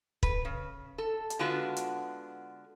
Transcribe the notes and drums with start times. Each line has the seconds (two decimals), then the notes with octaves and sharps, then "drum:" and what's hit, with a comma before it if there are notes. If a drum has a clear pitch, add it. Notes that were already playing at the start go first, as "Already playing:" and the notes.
0.23 B4, drum: kick
0.45 C#3
0.98 A4
1.30 drum: hi-hat
1.39 D3 G#3 B3 D4 F4 F#4
1.76 drum: hi-hat